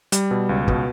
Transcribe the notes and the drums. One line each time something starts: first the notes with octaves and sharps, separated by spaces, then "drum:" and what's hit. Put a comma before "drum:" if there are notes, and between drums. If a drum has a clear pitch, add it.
G3, drum: hi-hat
B2
C#2
B2, drum: kick